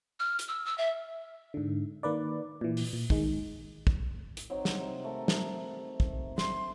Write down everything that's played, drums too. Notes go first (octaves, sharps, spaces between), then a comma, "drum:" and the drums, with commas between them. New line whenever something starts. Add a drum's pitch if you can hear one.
F6
drum: hi-hat
E6
E6
E5
G#2 D3
D#3 A#3 B4 D5
A#2 E3
drum: open hi-hat
A#2
D#3 G#3, drum: kick
drum: kick
drum: hi-hat
F#3 C4 D#4
drum: snare
C3
A3 A#4
drum: snare
drum: kick
C6, drum: snare